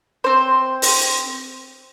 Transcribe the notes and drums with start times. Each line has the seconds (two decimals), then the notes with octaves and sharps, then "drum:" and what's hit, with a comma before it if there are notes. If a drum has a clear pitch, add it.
0.24 C4 C5
0.82 drum: open hi-hat